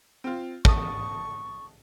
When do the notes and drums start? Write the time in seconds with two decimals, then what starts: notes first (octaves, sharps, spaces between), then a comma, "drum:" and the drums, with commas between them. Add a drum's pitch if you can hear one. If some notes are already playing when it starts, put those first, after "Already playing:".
0.24 C4 F4
0.65 A5 C#6 D#6, drum: kick